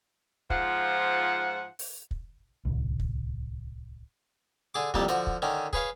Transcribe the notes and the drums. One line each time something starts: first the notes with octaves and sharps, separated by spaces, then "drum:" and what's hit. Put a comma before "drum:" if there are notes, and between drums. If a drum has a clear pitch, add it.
G#2 F3 F4 F#5, drum: kick
drum: open hi-hat
drum: kick
D1 C2
drum: kick
D3 G#4 D6
C2 F2 A#2 G3 A#3 A5, drum: kick
D3 F3 F#4, drum: hi-hat
drum: kick
D3 D#3 C#4
G#4 B4 C#5 F5, drum: kick